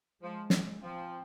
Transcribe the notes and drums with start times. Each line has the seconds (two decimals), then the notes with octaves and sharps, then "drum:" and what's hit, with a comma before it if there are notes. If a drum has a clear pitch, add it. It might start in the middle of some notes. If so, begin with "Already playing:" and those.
0.22 F3 G#3
0.50 drum: snare
0.82 F3 C4